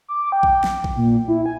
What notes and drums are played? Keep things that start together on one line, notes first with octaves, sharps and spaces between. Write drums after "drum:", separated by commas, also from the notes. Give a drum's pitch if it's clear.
D6
G5
drum: kick A#1
drum: snare
drum: kick A#1
A#2
E4
G#5